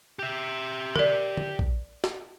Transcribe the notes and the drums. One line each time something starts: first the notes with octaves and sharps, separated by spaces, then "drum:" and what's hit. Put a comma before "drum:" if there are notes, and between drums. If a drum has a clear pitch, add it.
G4 E5
A#4 D5, drum: tom
drum: tom
drum: kick
drum: snare